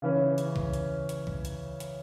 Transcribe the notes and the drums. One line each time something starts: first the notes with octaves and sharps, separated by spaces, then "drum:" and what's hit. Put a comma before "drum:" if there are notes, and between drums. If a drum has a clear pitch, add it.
C#3 E3 C#4
drum: hi-hat
drum: kick C2
drum: hi-hat
drum: hi-hat
drum: kick C2
drum: hi-hat
drum: hi-hat